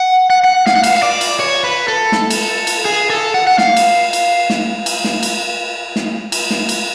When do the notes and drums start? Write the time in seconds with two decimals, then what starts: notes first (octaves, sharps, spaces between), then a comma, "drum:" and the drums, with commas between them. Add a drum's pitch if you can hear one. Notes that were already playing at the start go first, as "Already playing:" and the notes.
Already playing: F#5
0.30 F#5
0.44 F#5
0.66 F5, drum: snare
0.76 F#5
0.83 F5, drum: cymbal
0.97 F5
1.02 D5
1.21 drum: cymbal
1.40 C#5
1.64 B4
1.88 A4
2.12 drum: snare
2.30 drum: cymbal
2.67 drum: cymbal
2.85 G#4
3.10 A4
3.34 F#5
3.47 F#5
3.58 F5, drum: snare
3.77 drum: cymbal
4.13 drum: cymbal
4.50 drum: snare
4.86 drum: cymbal
5.04 drum: snare
5.23 drum: cymbal
5.96 drum: snare
6.32 drum: cymbal
6.50 drum: snare
6.69 drum: cymbal